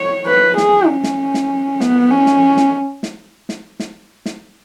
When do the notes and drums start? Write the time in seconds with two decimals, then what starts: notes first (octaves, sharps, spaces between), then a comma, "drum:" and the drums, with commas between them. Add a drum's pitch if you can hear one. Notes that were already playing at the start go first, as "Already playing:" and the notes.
Already playing: C#5
0.26 B4
0.57 G#4, drum: snare
0.88 C#4
1.04 drum: snare
1.34 drum: snare
1.81 B3, drum: snare
2.10 C#4
2.26 drum: snare
2.57 drum: snare
3.03 drum: snare
3.49 drum: snare
3.80 drum: snare
4.26 drum: snare